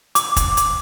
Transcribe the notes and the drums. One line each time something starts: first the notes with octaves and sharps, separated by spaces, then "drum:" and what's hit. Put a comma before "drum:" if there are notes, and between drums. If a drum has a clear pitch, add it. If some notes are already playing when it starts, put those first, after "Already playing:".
D6, drum: hi-hat
drum: kick, hi-hat
drum: hi-hat